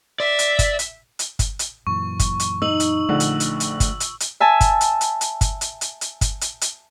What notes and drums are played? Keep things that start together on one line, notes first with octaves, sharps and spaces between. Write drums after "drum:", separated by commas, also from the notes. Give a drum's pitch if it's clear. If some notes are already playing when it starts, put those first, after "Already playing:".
D5 E5
drum: hi-hat
drum: kick G1, hi-hat
drum: hi-hat
drum: hi-hat
drum: kick G1, hi-hat
drum: hi-hat
F#2 A#2 E3 C#6
drum: kick G1, hi-hat
drum: hi-hat
D#4 E6 F#7
drum: hi-hat
A#1 D3 A3
drum: hi-hat
drum: hi-hat
drum: hi-hat
drum: kick G1, hi-hat
drum: hi-hat
drum: hi-hat
E5 G#5 A5
drum: kick G1, hi-hat
drum: hi-hat
drum: hi-hat
drum: hi-hat
drum: kick G1, hi-hat
drum: hi-hat
drum: hi-hat
drum: hi-hat
drum: kick G1, hi-hat
drum: hi-hat
drum: hi-hat